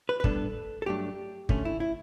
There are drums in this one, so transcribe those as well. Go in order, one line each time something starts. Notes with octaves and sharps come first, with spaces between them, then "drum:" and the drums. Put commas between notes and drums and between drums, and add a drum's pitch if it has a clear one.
B4
B4
A2 G3 B3 D4 A4, drum: kick
A4
G2 F#3 A3 D4 G4
D2 D3 A3 C#4, drum: kick
E4
E4